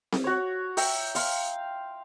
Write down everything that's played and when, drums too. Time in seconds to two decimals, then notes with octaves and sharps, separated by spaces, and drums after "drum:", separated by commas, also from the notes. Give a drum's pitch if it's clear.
0.12 drum: snare C4
0.24 F#4 C#5
0.77 E5 G5 A#5, drum: open hi-hat
1.15 F5 C6, drum: open hi-hat